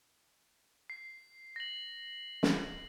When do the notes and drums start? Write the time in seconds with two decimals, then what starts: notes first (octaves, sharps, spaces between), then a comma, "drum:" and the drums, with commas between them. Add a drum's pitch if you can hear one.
0.90 C7
1.56 A#6 F#7
2.43 drum: snare